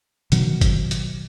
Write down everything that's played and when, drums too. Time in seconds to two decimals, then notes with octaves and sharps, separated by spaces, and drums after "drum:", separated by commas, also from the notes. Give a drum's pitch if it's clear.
0.32 B2 D#3 F#3, drum: hi-hat
0.61 drum: kick F#1, hi-hat
0.91 drum: hi-hat